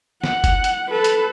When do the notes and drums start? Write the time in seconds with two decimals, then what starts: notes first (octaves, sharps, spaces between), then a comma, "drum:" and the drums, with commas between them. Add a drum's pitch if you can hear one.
0.24 F#5, drum: snare
0.44 drum: kick F1, hi-hat
0.64 drum: hi-hat
0.91 A4 B4
1.04 drum: hi-hat